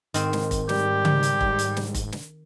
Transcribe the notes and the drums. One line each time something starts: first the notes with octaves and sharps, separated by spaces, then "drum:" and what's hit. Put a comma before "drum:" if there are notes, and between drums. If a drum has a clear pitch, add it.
G#2 D#3 C4, drum: hi-hat
drum: snare
drum: kick F1, hi-hat
G3 G4, drum: snare
drum: tom C#3
drum: hi-hat
drum: kick F1
drum: hi-hat
drum: snare
drum: kick F1, hi-hat
drum: snare